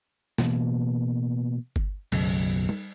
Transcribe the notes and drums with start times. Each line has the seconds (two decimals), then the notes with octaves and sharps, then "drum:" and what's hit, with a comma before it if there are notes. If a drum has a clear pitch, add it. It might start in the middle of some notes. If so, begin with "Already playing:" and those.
0.38 B2 E3 A#3, drum: snare
1.76 drum: kick G1
2.12 B1 F#2 C#3 F#3, drum: cymbal
2.69 drum: tom G3